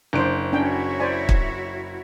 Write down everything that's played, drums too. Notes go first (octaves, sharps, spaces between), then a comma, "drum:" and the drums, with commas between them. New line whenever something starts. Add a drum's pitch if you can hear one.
F#1 D4 C5 D7
C#4 D4 E4 F#4 C#5 G5
C5 D5 G#5
drum: kick